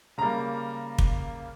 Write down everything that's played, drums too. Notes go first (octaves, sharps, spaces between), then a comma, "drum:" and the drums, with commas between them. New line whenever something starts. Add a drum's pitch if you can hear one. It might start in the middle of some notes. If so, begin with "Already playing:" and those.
C#3 G3 A#3 A#5
drum: kick